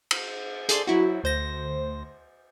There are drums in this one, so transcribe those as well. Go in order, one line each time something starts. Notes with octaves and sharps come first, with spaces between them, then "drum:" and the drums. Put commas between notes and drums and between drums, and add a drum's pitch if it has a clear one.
drum: cymbal
G#4 A4 D5 C6, drum: hi-hat
F#3 E4 F#4
D2 C5 A#6